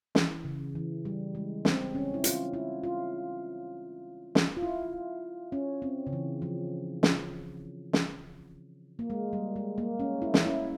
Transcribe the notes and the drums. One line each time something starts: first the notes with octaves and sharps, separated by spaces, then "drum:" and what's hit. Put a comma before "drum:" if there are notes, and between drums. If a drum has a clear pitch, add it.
E3, drum: snare
C#3
E3
G3
G#3
C4, drum: snare
C#4
E4
F4, drum: hi-hat
E4
F4
drum: snare
F4
E4
C#4
C4
C#3
E3
F3
drum: snare
drum: snare
A#3
G#3
G3
G#3
A#3
C#4
E4
C#4, drum: snare
E4